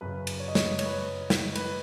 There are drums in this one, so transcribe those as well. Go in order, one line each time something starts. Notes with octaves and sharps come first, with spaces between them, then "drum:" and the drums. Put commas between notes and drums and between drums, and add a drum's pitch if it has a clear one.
F#2 C#3 B4
drum: cymbal
C#5
D#5
C#5, drum: snare
C#5, drum: cymbal
B4
C#5
drum: snare
B4, drum: cymbal